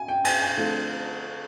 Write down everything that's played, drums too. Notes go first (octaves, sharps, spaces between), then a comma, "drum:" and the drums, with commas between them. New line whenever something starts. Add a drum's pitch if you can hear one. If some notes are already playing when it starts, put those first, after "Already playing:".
Already playing: G#5
G5
G#5, drum: cymbal
G#5
D3 F3 A3 C4